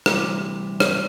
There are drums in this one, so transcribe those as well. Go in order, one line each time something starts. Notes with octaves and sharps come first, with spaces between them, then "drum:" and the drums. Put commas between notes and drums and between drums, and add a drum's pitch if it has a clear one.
D2 C3 E3 G3 E4, drum: rim click
drum: rim click